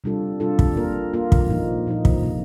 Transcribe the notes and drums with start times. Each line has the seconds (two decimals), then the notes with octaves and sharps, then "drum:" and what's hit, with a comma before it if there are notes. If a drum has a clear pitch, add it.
0.04 C3 G3 D4 F4 A4
0.40 C3 G3 D4 F4 A4
0.59 drum: kick
0.77 A#3 F4 A#4
1.13 A#3 F4 A#4
1.32 drum: kick
1.50 A#2 F3 A#3 D#4
1.87 A#2 F3 A#3 D#4
2.05 drum: kick
2.23 C3 F3 A#3